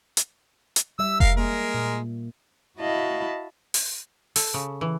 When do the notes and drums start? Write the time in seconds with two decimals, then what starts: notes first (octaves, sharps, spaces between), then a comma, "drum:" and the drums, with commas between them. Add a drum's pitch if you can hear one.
0.17 drum: hi-hat
0.76 drum: hi-hat
0.99 G3 E5 E6
1.20 A#4 F5, drum: kick F1
1.37 G#3 A#3 A#4
1.74 A#2
2.79 E4 F#4 D#5 F5 A5 B5
3.74 drum: open hi-hat
4.36 A4, drum: open hi-hat
4.54 C#3
4.81 E3